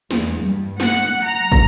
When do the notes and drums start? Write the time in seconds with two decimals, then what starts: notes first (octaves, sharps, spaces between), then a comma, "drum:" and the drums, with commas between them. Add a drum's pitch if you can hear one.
0.11 E2, drum: snare
0.41 G2
0.80 F#5, drum: snare
1.25 A#5
1.52 drum: kick